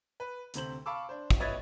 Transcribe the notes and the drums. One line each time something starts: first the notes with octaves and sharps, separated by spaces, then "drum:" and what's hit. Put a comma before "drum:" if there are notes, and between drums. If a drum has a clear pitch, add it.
B4
D2 C3 C5 F#7, drum: hi-hat
F5 A5 B5 C#6 D6 E6
D4 C5
drum: kick
B4 C#5 D#5 E5 G#6 A6